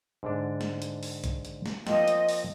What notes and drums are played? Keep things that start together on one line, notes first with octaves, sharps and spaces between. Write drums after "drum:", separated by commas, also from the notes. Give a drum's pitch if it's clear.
G#2 D3 D4
drum: snare
drum: hi-hat
drum: open hi-hat
drum: kick, hi-hat
drum: hi-hat
drum: snare
F3 A#3 C4 D#5, drum: snare
drum: hi-hat
drum: open hi-hat